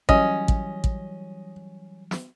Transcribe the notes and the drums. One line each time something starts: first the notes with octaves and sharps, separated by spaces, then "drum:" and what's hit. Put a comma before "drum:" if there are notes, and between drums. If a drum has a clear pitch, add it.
E3 F#3 G3 C#4 D#5, drum: kick
drum: kick
drum: kick
drum: snare